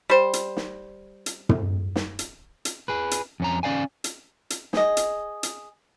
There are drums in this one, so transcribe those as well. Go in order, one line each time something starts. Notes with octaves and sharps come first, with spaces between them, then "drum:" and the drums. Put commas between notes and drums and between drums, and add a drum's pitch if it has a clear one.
G3 C5
drum: hi-hat
drum: snare
drum: hi-hat
drum: tom
drum: snare
drum: hi-hat
drum: hi-hat
G#4 B4
drum: hi-hat
F2 C#4 A#5
C#4 D5 F5 G#5
drum: hi-hat
drum: hi-hat
G#4 D#5, drum: snare
drum: hi-hat
drum: hi-hat